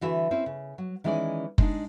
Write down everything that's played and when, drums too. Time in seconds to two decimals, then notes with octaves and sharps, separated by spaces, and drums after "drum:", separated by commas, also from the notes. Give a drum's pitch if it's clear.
0.01 D3 E3 F#4 E5
0.31 C4 C#4 E4
0.46 C#3
0.78 F#3
1.04 D#3 E3 G#3 C#4 D#4 D5
1.58 G#3 D4 D#4, drum: kick F#1